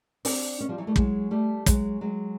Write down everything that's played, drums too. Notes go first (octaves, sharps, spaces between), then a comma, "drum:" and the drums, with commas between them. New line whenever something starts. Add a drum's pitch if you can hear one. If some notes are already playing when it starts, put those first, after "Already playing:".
C4 D4, drum: open hi-hat
B3 C#4
F3 G3
E3 F#3
G3 A3
F#3 G#3, drum: kick
G3 A3
F#3 G#3, drum: kick, hi-hat
F#3 G#3